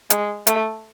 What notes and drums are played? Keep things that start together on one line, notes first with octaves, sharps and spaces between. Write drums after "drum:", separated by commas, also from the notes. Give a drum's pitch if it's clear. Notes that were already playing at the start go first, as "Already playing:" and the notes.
G#3, drum: hi-hat
A3, drum: hi-hat